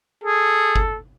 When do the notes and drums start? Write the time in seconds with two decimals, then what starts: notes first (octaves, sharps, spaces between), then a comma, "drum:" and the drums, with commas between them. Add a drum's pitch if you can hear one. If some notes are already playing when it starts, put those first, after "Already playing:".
0.24 G#4 A4
0.76 drum: kick G1